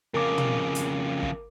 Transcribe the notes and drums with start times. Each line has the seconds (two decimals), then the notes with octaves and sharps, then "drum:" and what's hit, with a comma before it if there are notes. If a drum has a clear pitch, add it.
0.14 F2 C#3 A#4 D6
0.38 drum: tom
0.75 drum: hi-hat
1.23 drum: kick